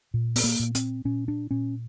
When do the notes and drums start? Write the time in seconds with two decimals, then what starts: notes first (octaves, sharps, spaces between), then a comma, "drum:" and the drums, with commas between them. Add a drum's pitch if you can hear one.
0.14 A#2
0.36 B3, drum: open hi-hat
0.44 A#3
0.59 A#2
0.75 C4, drum: hi-hat
1.05 A#2 C#4
1.28 D4
1.51 A#2 C#4